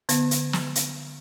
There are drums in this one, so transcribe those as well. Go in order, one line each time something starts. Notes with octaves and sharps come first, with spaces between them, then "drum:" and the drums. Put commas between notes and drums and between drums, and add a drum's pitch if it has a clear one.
D3 B3, drum: hi-hat
drum: hi-hat
drum: snare
drum: hi-hat